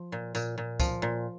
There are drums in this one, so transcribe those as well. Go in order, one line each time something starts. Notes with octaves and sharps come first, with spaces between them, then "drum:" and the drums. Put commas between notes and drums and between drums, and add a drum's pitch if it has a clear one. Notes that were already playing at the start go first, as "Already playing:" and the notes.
Already playing: F3
A#2
A#2, drum: tambourine
A#2
F3, drum: kick C#2, tambourine
A#2